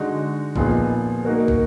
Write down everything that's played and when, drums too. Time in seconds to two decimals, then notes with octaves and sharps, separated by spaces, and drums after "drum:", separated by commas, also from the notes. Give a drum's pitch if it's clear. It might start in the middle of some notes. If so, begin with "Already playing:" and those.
Already playing: D3 G#3 D#4 F#4
0.56 A#2 F3 B3 D#4 G#4, drum: kick
1.25 A#3 D#4 F#4 A#4
1.48 drum: kick